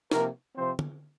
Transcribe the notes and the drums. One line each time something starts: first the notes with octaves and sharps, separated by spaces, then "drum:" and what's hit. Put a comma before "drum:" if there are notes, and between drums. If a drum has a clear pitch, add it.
C3 F3 A#3 A#4, drum: snare
C3 F3 C4 C5
drum: tom